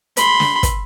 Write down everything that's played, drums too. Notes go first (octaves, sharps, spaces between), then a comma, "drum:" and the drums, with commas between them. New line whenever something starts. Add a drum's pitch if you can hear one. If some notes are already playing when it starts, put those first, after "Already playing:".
B5 C6, drum: hi-hat
drum: snare
drum: kick, hi-hat